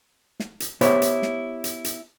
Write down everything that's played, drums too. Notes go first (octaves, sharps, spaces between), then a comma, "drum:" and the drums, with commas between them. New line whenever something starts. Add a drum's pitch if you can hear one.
drum: snare
drum: hi-hat
B3 E4 G4 C5 C#5 E5, drum: hi-hat
drum: hi-hat
drum: snare
drum: hi-hat
drum: hi-hat